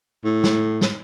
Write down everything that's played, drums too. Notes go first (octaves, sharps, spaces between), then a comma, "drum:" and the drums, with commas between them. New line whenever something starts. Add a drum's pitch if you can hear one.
A2
drum: snare
drum: snare